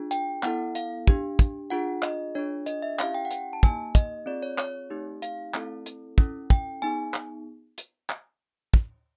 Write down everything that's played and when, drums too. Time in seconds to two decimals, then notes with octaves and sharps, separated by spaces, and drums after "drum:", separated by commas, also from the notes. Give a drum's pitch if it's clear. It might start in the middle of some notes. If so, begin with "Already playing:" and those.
Already playing: D4 F4 G#4
0.11 G5, drum: hi-hat
0.43 B3 E4 A4 F#5, drum: clap
0.75 F5, drum: hi-hat
1.07 D4 G4, drum: kick
1.39 drum: kick, hi-hat
1.70 D4 F4 G#4 F#5
2.03 D#5, drum: clap
2.35 D4 F4 G#4 C#5
2.66 D#5, drum: hi-hat
2.82 E5
2.99 C#4 E4 G4 F5, drum: clap
3.14 G5
3.25 F#5
3.31 G5, drum: hi-hat
3.53 A5
3.63 A#3 D#4 G4 G#5, drum: kick
3.95 D#5, drum: kick, hi-hat
4.26 C4 F4 G#4 D5
4.43 C#5
4.58 C#5, drum: clap
4.90 A3 C4 D#4 G4
5.22 F5, drum: hi-hat
5.54 A3 C4 E4 A4, drum: clap
5.86 drum: hi-hat
6.18 C#4 E4 A4, drum: kick
6.50 G5, drum: kick
6.82 B3 D#4 G#4 G#5
7.14 drum: clap
7.78 drum: hi-hat
8.10 drum: clap
8.74 drum: kick